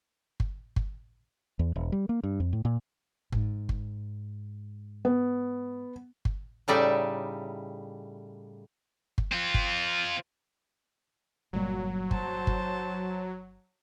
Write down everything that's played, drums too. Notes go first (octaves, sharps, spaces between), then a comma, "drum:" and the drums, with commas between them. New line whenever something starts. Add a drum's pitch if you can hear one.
drum: kick G1
drum: kick G1
E2
E1
G3
A#3
G2
F2
A2
A#2
G#2, drum: kick G1
drum: kick G1
B3
drum: kick G1
A2 C#3 G3 D#4 D5 E5
drum: kick G1
C4 F4
drum: kick G1
G1 A#2 F#3 G3
C5 A5, drum: kick G1
drum: kick G1